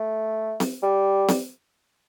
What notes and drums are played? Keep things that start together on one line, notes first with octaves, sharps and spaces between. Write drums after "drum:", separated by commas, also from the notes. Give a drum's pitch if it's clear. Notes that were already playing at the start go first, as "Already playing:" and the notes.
Already playing: A3
drum: snare C4
G3
drum: snare C4